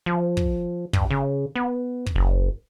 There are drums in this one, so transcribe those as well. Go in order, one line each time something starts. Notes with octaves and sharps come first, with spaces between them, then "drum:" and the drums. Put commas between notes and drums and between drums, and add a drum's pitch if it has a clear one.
F3
drum: kick
G2, drum: kick
C#3
B3
drum: kick
F#1